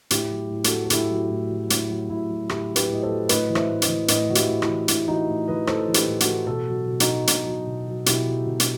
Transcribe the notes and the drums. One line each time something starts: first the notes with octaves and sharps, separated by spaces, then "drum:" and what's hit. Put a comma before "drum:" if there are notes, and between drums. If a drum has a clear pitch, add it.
A2 E4 G4, drum: hi-hat
F#3
A2
F#4 A4, drum: hi-hat
F#3
A4
A2 E4 G4, drum: hi-hat
F#3
A2
F#3
A2 E4, drum: hi-hat
F#3
A2 E4
F#3
A2 E4 G4, drum: rim click
F#3
G4 B4, drum: hi-hat
A2 D#5
A4 C5
F#3
A2 B4 D#5, drum: hi-hat
E3
C5 E5, drum: rim click
A2
B4 D#5, drum: hi-hat
E3
A2 B4 D#5, drum: hi-hat
E3 F#4
E4 G4, drum: hi-hat
A2
E4, drum: rim click
E3
A2 E4, drum: hi-hat
E3 D#4 F#4
A2
E3 B4 D#5
A2 A4 C5, drum: rim click
E3
G4 B4, drum: hi-hat
A2
F#4 A4, drum: hi-hat
E3
B2 F#4 A4
F#3
B2
D#4 F#4, drum: hi-hat
F#3
B2, drum: hi-hat
F#3
B2
F#3
B2 E4 G4, drum: hi-hat
F#3
B2
drum: hi-hat